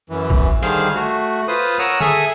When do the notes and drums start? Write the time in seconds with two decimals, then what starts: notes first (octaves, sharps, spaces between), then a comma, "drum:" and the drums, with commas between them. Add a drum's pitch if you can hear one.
0.10 F#2 E3
0.30 drum: kick A#1
0.63 D3 D#3 G3 G#4 C5 F5, drum: hi-hat
0.94 A3 F#4
1.48 F4 B4 C5 D#6
1.79 A#4 C#5 F#5 A#5 D#6 E6
2.00 G#4 A4 E5 G#5 D#6, drum: tom D3